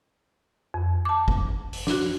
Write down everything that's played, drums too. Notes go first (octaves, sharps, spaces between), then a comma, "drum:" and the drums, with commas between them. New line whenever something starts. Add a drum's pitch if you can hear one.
F2
A5 D6
drum: kick G1
drum: open hi-hat
D4 F#4, drum: snare